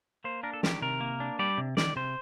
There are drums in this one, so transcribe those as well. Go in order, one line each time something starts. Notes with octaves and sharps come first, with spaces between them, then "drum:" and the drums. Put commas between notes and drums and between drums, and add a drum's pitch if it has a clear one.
A#3 C5
D4 A#4
A4
D#3 G4, drum: snare
C3 A#4
A#3
D4
G3 D5
C3
D#3 D5, drum: snare
C3 C5